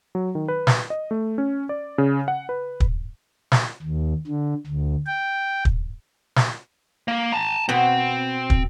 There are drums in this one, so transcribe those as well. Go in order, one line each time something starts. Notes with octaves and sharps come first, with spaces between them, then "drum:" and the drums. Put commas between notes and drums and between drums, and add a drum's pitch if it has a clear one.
F#3
D#3
B4
drum: snare
D#5
A3
C#4
D5
C#3
F#5
B4
drum: kick
drum: snare
D#2
D3
D2
G5
drum: kick
drum: snare
A#3
A5 A#5
B2 B3 C4
drum: kick